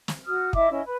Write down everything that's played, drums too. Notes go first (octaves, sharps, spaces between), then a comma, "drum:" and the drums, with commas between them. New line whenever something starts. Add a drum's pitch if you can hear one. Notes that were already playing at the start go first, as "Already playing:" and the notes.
drum: snare
F#4 D#6 F6
E4 D#5 E5 D6, drum: kick
C#4 E4 D#5
B4